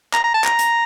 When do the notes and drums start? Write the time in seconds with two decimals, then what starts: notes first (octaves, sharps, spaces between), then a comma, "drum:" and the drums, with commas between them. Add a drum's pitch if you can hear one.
0.14 A#5, drum: clap
0.24 A#5
0.34 A5
0.44 A#5, drum: clap
0.59 drum: hi-hat